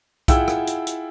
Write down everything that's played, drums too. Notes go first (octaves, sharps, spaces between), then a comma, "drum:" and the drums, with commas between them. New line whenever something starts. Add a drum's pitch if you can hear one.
E4 F4 G#4 F#5 G5 E6, drum: kick B1, hi-hat
drum: rim click
drum: hi-hat
drum: hi-hat